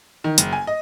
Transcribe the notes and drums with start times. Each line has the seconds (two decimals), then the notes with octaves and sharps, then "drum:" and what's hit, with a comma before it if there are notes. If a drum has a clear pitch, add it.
0.24 D#3
0.38 F#1, drum: hi-hat
0.53 G#5
0.67 D#5